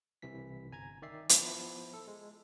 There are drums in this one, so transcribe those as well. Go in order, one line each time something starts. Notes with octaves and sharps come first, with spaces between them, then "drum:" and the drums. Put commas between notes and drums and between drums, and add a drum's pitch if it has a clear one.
C2 C3 E3 B6
G1 G#5 A#5 G#6
D#3 D5 E5 C7
F3 B3 E4, drum: hi-hat
A4
G#3